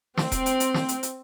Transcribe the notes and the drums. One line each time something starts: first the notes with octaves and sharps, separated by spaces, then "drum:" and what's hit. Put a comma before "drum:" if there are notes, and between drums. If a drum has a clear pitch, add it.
C4, drum: snare
drum: kick D#1, hi-hat
drum: hi-hat
drum: hi-hat
drum: snare
drum: hi-hat
drum: hi-hat